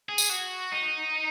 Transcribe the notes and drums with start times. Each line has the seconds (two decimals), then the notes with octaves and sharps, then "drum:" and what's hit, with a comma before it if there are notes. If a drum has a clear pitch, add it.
0.09 G#4
0.18 drum: tambourine
0.30 F#4
0.72 D#4